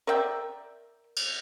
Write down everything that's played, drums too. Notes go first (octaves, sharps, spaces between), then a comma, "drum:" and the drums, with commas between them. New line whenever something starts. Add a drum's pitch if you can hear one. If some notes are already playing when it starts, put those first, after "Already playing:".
A#4 D5 E5 G5
drum: cymbal